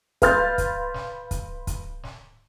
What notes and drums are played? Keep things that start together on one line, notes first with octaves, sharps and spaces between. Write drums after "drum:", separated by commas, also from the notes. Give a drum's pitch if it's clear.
B4 F5 C6 F6 G6 A6, drum: kick, hi-hat
drum: kick, hi-hat
drum: snare
drum: kick, hi-hat
drum: kick, hi-hat
drum: snare